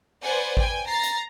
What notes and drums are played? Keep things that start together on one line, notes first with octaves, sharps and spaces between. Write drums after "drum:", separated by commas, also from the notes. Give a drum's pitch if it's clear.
B4 C5 D5 F#5 G#5
G5 G#5, drum: kick G#1
A#5 A6 C7
drum: hi-hat